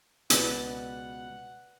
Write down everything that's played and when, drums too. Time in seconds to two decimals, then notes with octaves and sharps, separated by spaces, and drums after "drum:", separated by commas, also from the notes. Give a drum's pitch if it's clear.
0.30 C#2 B2 B4 D5 F#5, drum: hi-hat